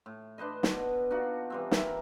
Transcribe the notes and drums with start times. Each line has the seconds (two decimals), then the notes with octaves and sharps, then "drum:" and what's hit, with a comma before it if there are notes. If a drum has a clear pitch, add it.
0.06 A2
0.38 D4 B4 C5 D#5
0.63 B2, drum: snare
1.11 D4 D#4 F4 F#4
1.50 E3 G3 C4
1.71 A#4 E5, drum: snare